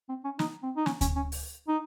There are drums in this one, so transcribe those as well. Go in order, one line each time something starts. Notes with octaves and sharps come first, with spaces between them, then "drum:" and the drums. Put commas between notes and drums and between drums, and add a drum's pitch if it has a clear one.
C4
C#4
D#4, drum: snare
C4
D#4
C#4, drum: snare
C#4, drum: kick D2, hi-hat
C#4
drum: open hi-hat
D#4